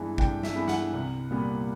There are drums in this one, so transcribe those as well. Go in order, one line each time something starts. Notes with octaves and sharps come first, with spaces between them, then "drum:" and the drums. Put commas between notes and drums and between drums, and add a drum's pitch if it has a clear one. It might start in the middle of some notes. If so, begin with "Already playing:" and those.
Already playing: G2 E3 G#3 B3
G2 G5, drum: kick G#1
E5, drum: snare
E3 G#3 B3
F#5, drum: snare
C2
A#2 G3 B3